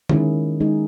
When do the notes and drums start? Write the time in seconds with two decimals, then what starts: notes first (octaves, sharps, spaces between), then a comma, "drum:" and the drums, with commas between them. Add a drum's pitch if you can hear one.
0.09 D#3 G#3 C#4 E4 G#4, drum: tom
0.60 G#3 D#4 G#4